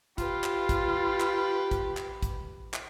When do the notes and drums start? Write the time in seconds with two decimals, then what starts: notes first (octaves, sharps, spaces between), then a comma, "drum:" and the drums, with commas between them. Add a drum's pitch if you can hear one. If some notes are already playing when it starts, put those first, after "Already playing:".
0.18 F4 G4 B4, drum: kick, hi-hat
0.44 drum: clap
0.69 drum: kick, hi-hat
1.20 drum: clap
1.71 drum: kick, hi-hat
1.97 drum: clap
2.22 drum: kick, hi-hat
2.74 drum: clap